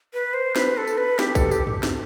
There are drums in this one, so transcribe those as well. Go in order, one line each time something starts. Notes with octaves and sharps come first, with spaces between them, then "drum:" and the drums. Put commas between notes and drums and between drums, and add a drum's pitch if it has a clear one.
B4
C5
B4, drum: snare
A4
drum: tambourine
B4
G4, drum: snare
A4, drum: kick, tambourine
G4, drum: tambourine
drum: tom
drum: snare